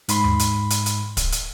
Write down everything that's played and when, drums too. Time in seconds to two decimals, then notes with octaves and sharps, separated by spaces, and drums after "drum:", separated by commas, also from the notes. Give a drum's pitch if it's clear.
0.08 G#2 B5 C6, drum: hi-hat
0.24 drum: tom D#2
0.39 drum: hi-hat
0.70 drum: hi-hat
0.86 drum: hi-hat
1.17 drum: kick, hi-hat
1.32 drum: hi-hat